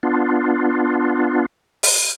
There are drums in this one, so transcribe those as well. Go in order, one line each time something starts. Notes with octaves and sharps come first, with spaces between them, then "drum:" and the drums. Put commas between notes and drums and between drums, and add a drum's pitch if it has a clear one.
B3 D4 F4
drum: open hi-hat